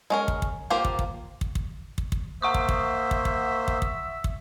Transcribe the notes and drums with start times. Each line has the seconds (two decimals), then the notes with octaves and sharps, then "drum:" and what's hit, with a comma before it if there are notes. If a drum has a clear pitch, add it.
0.10 G#3 C#4 A#4
0.28 drum: kick
0.42 drum: kick
0.70 A#3 F4 G4 A#4 C5
0.85 drum: kick
0.99 drum: kick
1.41 drum: kick
1.55 drum: kick
1.98 drum: kick
2.12 drum: kick
2.42 A#3 C5 E5 F#5 C#6 D#6
2.54 drum: kick
2.69 drum: kick
3.11 drum: kick
3.25 drum: kick
3.68 drum: kick
3.82 drum: kick
4.24 drum: kick